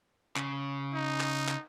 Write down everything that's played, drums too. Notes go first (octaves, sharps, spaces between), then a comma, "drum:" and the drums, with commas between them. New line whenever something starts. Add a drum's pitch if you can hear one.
C#3, drum: clap
D#4
drum: clap
drum: clap